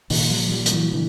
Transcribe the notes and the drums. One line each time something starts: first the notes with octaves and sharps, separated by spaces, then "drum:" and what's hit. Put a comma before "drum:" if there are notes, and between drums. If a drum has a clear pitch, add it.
A#2 D#3, drum: open hi-hat
F3 G3
F3 G3
F3, drum: hi-hat
E3 F#3
D3 E3